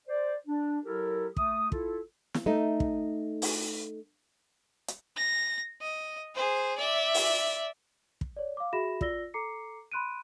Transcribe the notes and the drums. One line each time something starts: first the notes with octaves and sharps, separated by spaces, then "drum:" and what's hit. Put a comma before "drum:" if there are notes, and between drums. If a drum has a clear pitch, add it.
C5 D5
D4
F#3 E4 G4 A4 A#4
A3 D#6, drum: kick
E4 F4 A4, drum: kick
drum: snare
A3 D#4
drum: kick
drum: open hi-hat
drum: hi-hat
A#6
D#5
G#4 C5
D5 E5
drum: open hi-hat
drum: kick
C#5 D5
F5 D6
F#4 G#4 E5 B5 A#6 E7
F4 D5 E6 A#6 G7, drum: kick
A4 A#5 D6 C7 C#7
B5 C6 F#6 D7 D#7